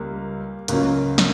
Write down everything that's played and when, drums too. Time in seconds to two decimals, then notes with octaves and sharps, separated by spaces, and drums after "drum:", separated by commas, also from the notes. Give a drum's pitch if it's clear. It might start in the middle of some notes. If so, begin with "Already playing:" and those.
Already playing: C#2 G3 A#3
0.68 C#2 C#3 F#3 A#3 C#4, drum: hi-hat
1.18 drum: snare